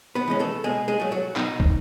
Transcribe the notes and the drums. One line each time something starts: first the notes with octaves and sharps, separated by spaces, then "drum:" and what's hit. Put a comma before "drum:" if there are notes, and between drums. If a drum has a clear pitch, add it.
B3 B4
E3 G#3 C#4
A3 A4
B2 G#3 G#4
G#3 G#4
F#3 A3
F#3 F#4
B2 D#4, drum: clap
drum: kick